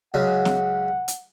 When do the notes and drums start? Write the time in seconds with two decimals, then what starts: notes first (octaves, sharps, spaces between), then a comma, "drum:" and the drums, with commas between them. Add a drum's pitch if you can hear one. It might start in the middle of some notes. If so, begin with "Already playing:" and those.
0.14 C#2 C#3 F#3 F#5
0.45 drum: snare
1.08 drum: hi-hat